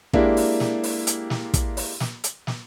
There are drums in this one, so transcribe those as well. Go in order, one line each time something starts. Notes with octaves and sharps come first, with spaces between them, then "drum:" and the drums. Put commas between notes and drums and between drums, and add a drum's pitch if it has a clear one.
G#3 A#3 D4 E4 G4, drum: kick
drum: open hi-hat
drum: snare
drum: open hi-hat
drum: hi-hat
drum: snare
drum: kick, hi-hat
drum: open hi-hat
drum: snare
drum: hi-hat
drum: snare